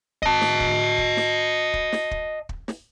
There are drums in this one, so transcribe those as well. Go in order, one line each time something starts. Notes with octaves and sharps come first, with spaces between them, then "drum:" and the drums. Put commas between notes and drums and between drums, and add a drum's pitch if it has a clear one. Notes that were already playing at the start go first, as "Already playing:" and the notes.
D#5 A5, drum: kick
drum: snare
drum: kick
drum: kick
drum: snare
drum: kick
drum: snare
drum: kick
drum: kick
drum: snare